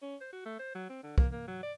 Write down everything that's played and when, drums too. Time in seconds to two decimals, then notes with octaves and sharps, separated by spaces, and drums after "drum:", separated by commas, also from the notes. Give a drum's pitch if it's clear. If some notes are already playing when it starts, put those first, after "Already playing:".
0.02 C#4
0.21 C5
0.33 F#4
0.45 A3
0.59 C5
0.75 F#3
0.89 C4
1.03 D3
1.18 A#3, drum: kick
1.32 A#3
1.47 F#3
1.63 D5